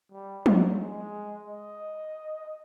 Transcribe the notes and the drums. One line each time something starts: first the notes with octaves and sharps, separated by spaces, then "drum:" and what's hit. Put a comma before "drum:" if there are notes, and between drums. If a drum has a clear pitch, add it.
G3
F#3, drum: tom
G#3
D#5